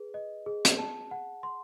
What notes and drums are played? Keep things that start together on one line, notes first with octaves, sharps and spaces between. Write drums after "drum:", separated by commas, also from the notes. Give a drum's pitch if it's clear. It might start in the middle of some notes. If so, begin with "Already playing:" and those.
Already playing: G#4 B4
D#5
G#4
drum: hi-hat
A5
F#5
C6